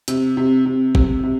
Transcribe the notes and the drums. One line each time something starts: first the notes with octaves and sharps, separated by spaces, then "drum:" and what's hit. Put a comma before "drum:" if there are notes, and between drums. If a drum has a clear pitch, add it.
C3, drum: hi-hat
C3
C3
C3, drum: kick
C3